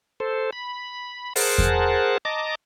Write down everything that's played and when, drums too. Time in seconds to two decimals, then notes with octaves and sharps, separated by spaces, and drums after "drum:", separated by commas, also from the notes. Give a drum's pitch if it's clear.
0.20 A4 C5
0.53 B5
1.36 G#4 A#4 C5 F#5 A5, drum: open hi-hat
1.58 drum: kick E2
2.25 D#5 A5 A#5 D6